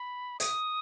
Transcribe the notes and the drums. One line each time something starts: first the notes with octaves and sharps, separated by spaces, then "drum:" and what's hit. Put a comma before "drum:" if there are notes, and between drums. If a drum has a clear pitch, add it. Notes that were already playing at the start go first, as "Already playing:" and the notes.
Already playing: B5
D#6, drum: hi-hat